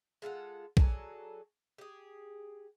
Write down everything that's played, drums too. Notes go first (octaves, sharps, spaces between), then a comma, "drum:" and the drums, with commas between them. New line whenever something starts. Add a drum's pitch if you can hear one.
G#3 F4 A4 F#5
F#3 G#4 A4 D5, drum: kick
G4 G#4